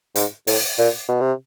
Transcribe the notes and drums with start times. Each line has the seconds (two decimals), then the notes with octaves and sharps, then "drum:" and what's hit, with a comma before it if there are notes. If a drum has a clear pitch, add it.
0.15 G#2, drum: hi-hat
0.47 A2, drum: open hi-hat
0.78 A#2
1.09 B2
1.21 C3